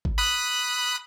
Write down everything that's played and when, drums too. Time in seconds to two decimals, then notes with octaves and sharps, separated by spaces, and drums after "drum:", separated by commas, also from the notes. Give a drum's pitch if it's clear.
0.05 drum: kick G#1
0.18 B5 D#6 F#6